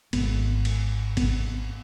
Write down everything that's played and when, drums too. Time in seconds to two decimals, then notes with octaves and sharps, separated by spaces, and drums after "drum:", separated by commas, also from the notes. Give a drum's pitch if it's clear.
0.13 G#1 G#2 B3, drum: cymbal
0.65 drum: cymbal
1.17 B3, drum: kick G#1, cymbal